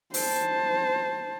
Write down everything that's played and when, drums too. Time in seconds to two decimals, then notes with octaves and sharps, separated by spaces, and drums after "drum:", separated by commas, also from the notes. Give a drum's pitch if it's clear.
0.14 C5 A5, drum: open hi-hat